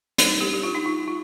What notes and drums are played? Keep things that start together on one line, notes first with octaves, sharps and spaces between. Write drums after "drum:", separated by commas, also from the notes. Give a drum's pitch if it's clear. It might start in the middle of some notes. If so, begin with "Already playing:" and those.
G3 D4 D#4, drum: hi-hat
G4
G4
F4
D#4
F4
F4